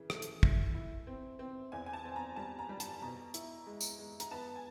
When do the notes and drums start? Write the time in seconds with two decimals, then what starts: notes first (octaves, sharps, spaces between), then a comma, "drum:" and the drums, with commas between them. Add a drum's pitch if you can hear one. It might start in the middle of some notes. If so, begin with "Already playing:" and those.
Already playing: C#3 E3
0.10 A3, drum: rim click
0.22 drum: hi-hat
0.43 E4, drum: kick
0.75 E4
1.07 C4
1.39 C4
1.72 E2 G#5
1.86 G#5
1.93 A5
2.05 C4
2.16 A#5
2.36 G3 A5
2.59 A#5
2.69 G3
2.80 A5, drum: hi-hat
3.02 B2 A#5
3.34 E4, drum: hi-hat
3.67 G#3
3.81 drum: tambourine
3.99 G#3
4.20 A#5, drum: hi-hat
4.31 B3 A5
4.56 G#5